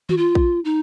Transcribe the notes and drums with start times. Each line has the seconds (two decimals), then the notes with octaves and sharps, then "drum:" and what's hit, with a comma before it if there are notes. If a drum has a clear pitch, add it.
0.09 F#4, drum: tom D#3
0.17 F4
0.35 drum: kick A#1
0.65 D#4